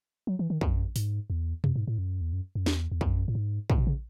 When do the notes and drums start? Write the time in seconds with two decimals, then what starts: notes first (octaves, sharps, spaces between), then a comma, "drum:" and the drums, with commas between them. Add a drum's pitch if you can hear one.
0.27 F#3
0.39 E3
0.50 D#3
0.61 F#2, drum: kick
0.96 G#2, drum: open hi-hat
1.30 E2
1.64 F#2, drum: tom B2
1.76 G#2
1.88 A2
1.98 F#2
2.21 E2
2.33 F#2
2.55 F#2
2.66 E2, drum: snare
2.92 E2
3.01 F#2, drum: kick
3.28 A2
3.35 G#2
3.70 A2, drum: kick
3.78 B2
3.87 C#3